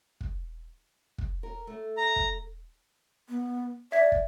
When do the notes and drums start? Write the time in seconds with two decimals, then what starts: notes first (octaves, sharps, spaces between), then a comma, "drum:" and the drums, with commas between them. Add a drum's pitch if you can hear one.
0.21 drum: kick
1.18 drum: kick
1.43 A#4
1.67 A3
1.97 A#5
2.16 drum: kick
3.29 B3
3.92 D5 E5 G#6 B6
4.12 drum: kick